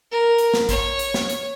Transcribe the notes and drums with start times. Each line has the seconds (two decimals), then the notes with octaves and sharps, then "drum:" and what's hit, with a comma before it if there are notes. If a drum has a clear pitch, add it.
0.12 A#4
0.38 drum: hi-hat
0.54 drum: snare
0.69 C#5, drum: kick A1, hi-hat
0.99 drum: hi-hat
1.14 drum: snare
1.30 drum: hi-hat